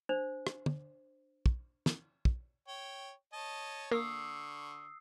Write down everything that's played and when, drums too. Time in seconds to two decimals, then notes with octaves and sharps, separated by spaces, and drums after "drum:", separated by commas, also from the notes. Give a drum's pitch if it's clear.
0.09 D4 C5
0.47 drum: rim click
0.66 drum: tom
1.46 drum: kick
1.86 drum: snare
2.25 drum: kick
2.68 C#5 G5
3.33 C#5 D#5 A5
3.91 D3 A#3 C#6 D#6 E6 C7